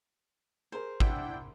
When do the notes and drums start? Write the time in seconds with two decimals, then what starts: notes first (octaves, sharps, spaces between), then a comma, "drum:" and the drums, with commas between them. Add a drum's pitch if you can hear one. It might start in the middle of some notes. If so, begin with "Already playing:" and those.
0.72 G#4 A#4 C5
1.00 D4 E4 F#5 G5, drum: kick G#1